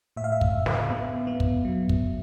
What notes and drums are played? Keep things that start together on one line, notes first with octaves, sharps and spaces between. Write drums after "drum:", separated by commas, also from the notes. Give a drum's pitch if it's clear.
A2 E5
F5
E5
drum: kick
A2
drum: snare
B3
B3
drum: kick
F#3
drum: kick